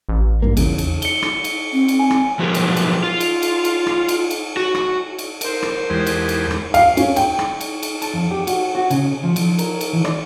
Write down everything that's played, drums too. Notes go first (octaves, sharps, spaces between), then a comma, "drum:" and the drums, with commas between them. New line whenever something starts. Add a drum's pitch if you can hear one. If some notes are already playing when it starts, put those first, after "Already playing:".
A1
G2 A#3
E2 C#3, drum: cymbal
drum: cymbal
C#7 G7, drum: cymbal
drum: rim click
drum: cymbal
C4
drum: cymbal
G#5
drum: rim click
F3 F#3 B3 G#4 A#4
drum: cymbal
drum: cymbal
F4
drum: cymbal
drum: cymbal
drum: cymbal
drum: rim click
drum: cymbal
drum: cymbal
F#4
drum: rim click
drum: cymbal
A#4 C5, drum: cymbal
drum: rim click
E2 G#3 G4
drum: cymbal
drum: cymbal
drum: rim click
F5, drum: cymbal
C#4, drum: cymbal
G5, drum: cymbal
drum: rim click
drum: cymbal
drum: cymbal
A5, drum: cymbal
F2
G4
F#4, drum: cymbal
F#4
C#3, drum: cymbal
F3
F3, drum: cymbal
A#4, drum: cymbal
drum: cymbal
E3
D5, drum: rim click